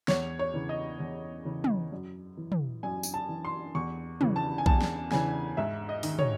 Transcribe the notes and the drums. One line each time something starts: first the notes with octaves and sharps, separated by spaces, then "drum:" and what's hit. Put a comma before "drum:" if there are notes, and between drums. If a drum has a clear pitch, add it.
E2 C#5, drum: snare
C#5
C#3 E3
D#5
E2
C#3 E3
drum: tom
F#2
E3
drum: tom
F#2 G#5
drum: tambourine
A5
E3
C6
E2 C#6
C#3 E3, drum: tom
A5
G#5
E2 A5, drum: kick B1
drum: snare
C#3 E3 G#5, drum: snare
G#2 E5
D#5
D#3, drum: open hi-hat
C#5, drum: tom